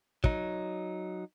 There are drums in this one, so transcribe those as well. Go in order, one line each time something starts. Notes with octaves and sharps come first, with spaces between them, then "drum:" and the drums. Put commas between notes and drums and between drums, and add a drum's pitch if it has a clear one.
F#3 D#4, drum: kick